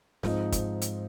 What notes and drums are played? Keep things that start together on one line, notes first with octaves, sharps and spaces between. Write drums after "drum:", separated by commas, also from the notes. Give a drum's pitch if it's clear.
G#2 F3 C4 D#4, drum: snare
drum: kick, hi-hat
drum: hi-hat